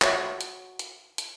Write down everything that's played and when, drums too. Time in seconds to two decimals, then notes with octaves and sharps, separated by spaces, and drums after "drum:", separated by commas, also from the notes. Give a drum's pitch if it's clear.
0.02 F#4 C#5 E5 F#5, drum: clap
0.41 drum: hi-hat
0.79 drum: hi-hat
1.18 drum: hi-hat